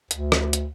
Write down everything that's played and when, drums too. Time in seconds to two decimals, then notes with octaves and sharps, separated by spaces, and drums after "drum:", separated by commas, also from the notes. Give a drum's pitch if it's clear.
0.11 D2, drum: hi-hat
0.32 drum: rim click
0.53 drum: hi-hat